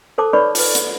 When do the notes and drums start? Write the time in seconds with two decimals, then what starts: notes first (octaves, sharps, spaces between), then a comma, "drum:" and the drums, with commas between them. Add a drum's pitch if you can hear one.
0.18 A4 C5 A5 D6
0.33 D#4 B4 C#5 D5 B5 C#6
0.55 F4 B4, drum: open hi-hat
0.75 drum: hi-hat